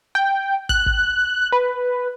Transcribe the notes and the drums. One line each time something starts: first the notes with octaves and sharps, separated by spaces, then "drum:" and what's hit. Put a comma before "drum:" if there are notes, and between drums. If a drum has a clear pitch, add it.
G5
F#6, drum: kick
drum: kick
B4